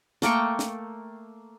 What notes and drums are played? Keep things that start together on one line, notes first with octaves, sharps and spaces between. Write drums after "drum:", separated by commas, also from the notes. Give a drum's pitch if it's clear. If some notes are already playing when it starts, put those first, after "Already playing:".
A3 A#3 G5 C#6, drum: snare
drum: snare